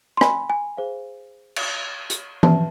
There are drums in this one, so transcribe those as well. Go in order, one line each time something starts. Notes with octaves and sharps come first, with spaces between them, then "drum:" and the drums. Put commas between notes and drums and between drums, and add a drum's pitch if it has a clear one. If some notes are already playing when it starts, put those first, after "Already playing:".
C6
G#5 B5, drum: rim click
G#5
G#4 C5 F5
drum: cymbal
drum: hi-hat
B4 E5 A5, drum: tom E3